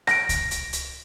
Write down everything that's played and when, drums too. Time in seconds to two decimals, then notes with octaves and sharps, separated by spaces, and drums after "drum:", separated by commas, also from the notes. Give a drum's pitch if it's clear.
0.07 A#6 D7, drum: rim click
0.29 drum: kick C#2, hi-hat
0.51 drum: hi-hat
0.73 drum: hi-hat